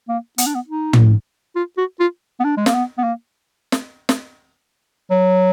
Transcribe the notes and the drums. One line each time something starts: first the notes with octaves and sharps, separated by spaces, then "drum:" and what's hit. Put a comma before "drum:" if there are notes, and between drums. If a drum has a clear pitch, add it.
A#3
B3, drum: hi-hat
D4
B3
D#4
drum: tom
F4
F#4
F4
B3
D4
G#3
A#3, drum: snare
B3
B3
A#3
drum: snare
drum: snare
F#3